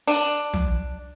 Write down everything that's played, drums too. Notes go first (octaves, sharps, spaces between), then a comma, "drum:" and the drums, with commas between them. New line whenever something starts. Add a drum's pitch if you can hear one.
D4, drum: open hi-hat
drum: tom